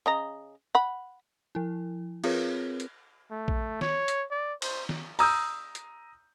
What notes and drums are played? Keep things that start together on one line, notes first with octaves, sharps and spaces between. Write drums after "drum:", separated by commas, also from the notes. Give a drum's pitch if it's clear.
C#3 D#5 A#5
F#5 B5
F3 E4
C4 F4 G#4 A#4 B4 C#5, drum: cymbal
drum: hi-hat
A3
drum: kick A#1
C#5, drum: snare
drum: hi-hat
D5
C5, drum: cymbal
drum: snare
A#5 D#6 E6 G6, drum: open hi-hat
drum: hi-hat